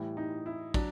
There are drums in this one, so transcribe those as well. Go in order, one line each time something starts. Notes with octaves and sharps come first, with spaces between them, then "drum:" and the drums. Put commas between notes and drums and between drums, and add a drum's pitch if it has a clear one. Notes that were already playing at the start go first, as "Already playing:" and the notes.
Already playing: A2 E3 G3
D#4
E4
F#3 D4, drum: kick, cymbal